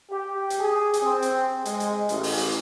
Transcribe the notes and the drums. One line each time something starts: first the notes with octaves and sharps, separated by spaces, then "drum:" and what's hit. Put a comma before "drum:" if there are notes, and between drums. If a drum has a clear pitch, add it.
G4
drum: hi-hat
G#4
drum: hi-hat
C4
drum: hi-hat
G#3, drum: hi-hat
drum: hi-hat
A1, drum: hi-hat
drum: open hi-hat
drum: hi-hat